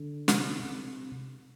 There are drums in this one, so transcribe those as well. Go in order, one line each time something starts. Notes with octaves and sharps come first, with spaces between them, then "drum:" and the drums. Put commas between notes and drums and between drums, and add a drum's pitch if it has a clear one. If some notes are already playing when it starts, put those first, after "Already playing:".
Already playing: D3
C3, drum: snare
C3